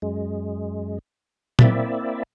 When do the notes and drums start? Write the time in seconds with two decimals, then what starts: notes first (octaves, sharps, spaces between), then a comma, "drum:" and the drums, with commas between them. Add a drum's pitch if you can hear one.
0.02 F#2 G#3
1.59 A#3 C4 E4 D5 E5, drum: tom A#2